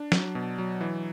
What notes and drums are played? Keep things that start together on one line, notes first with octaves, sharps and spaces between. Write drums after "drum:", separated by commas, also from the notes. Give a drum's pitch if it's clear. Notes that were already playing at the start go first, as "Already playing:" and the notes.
Already playing: D4
F#3, drum: snare
B2
F#3
E3